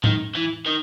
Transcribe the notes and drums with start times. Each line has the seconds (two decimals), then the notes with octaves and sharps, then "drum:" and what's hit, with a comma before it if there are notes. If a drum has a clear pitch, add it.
0.04 D#3, drum: tom A2
0.35 E3
0.66 D#3